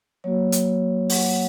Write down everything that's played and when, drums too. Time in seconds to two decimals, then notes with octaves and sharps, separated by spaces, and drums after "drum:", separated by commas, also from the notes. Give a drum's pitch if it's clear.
0.24 F#3 A#3 F#4 C#5
0.52 drum: hi-hat
1.10 F#5, drum: open hi-hat